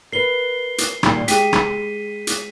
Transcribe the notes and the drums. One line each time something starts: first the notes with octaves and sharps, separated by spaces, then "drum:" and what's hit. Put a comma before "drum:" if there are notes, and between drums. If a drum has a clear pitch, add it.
A#4 B4 C7 G7
drum: hi-hat
A#2 D#3 G3, drum: rim click
G#3 G4 B6 D#7, drum: hi-hat
drum: rim click
drum: hi-hat